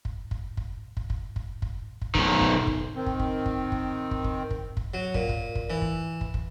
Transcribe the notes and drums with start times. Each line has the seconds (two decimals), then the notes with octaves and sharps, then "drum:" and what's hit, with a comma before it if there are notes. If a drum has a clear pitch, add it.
0.05 drum: kick
0.31 drum: kick
0.57 drum: kick
0.97 drum: kick
1.10 drum: kick
1.36 drum: kick
1.62 drum: kick
2.02 drum: kick
2.15 B1 D#3, drum: kick
2.41 drum: kick
2.67 drum: kick
2.95 D#3 C4
3.06 drum: kick
3.19 drum: kick
3.46 drum: kick
3.72 drum: kick
4.11 drum: kick
4.24 drum: kick
4.51 drum: kick
4.77 drum: kick
4.94 F#3
5.14 A#2, drum: kick
5.29 drum: kick
5.55 drum: kick
5.70 E3
5.82 drum: kick
6.21 drum: kick
6.34 drum: kick